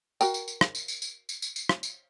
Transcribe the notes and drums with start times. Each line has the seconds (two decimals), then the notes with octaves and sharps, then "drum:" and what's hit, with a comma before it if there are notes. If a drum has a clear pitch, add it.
0.21 F#4 A#4 G5, drum: tambourine
0.34 drum: tambourine
0.48 drum: tambourine
0.61 drum: rim click
0.75 drum: tambourine
0.88 drum: tambourine
1.02 drum: tambourine
1.29 drum: tambourine
1.42 drum: tambourine
1.56 drum: tambourine
1.69 drum: rim click
1.83 drum: tambourine